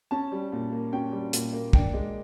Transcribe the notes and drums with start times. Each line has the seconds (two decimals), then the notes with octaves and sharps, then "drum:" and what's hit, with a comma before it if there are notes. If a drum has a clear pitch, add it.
0.11 C#4 A5
0.32 G3
0.52 A#2
0.72 A#3
0.93 C#4 G5
1.12 G3
1.33 A#2, drum: hi-hat
1.53 A#3
1.73 D4 G5, drum: kick
1.93 G#3